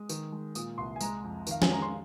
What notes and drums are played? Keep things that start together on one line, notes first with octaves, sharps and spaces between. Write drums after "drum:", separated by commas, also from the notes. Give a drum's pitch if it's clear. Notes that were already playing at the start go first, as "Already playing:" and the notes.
Already playing: G#3 D#6
D#3, drum: tambourine
G#3
A#2 D#6, drum: tambourine
C2 C6
G#5
G#3 A#5, drum: tambourine
F2
D#3 F5, drum: tambourine
G#5, drum: snare
G#3 A#5
C6